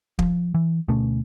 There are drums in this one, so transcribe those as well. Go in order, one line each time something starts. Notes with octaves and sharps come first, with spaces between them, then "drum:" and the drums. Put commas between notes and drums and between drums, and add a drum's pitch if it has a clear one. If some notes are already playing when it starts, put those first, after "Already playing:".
F3, drum: kick
E3
D2 B2 A3 C#4